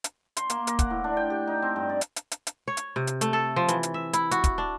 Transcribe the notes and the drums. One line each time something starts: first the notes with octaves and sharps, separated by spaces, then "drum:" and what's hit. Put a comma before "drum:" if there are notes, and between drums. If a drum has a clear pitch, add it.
drum: hi-hat
C6, drum: hi-hat
A#3, drum: hi-hat
A#4, drum: hi-hat
F#5, drum: kick, hi-hat
A2
D4
G5
G4
D#4
C4
G2
D5
drum: hi-hat
drum: hi-hat
drum: hi-hat
drum: hi-hat
C#5
drum: hi-hat
C3
drum: hi-hat
A3, drum: hi-hat
A4
F3
E3, drum: hi-hat
drum: hi-hat
E5
E4, drum: hi-hat
F#4, drum: hi-hat
drum: kick, hi-hat
D4